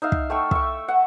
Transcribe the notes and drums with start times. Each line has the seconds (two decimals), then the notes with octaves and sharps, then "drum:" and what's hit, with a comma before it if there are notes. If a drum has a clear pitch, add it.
0.02 D#4 E5 F5
0.12 drum: kick
0.30 A3 G5 C#6
0.51 E5 C#6, drum: kick
0.88 F#5